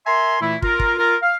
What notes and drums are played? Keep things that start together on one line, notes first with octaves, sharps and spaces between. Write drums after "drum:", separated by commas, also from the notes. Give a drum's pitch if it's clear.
A#4 E5 G#5 A#5 C6
A#2 E3 A3 E4
F4 A#4, drum: kick
drum: kick
F4 A#4
F5